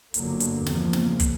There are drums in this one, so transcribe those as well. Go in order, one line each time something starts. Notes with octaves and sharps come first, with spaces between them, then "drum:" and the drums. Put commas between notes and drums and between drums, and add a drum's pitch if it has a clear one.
G1 G2 D3 F#3 A#3, drum: hi-hat
drum: hi-hat
E2 C#3 F3 A#3, drum: snare
drum: snare
drum: kick, hi-hat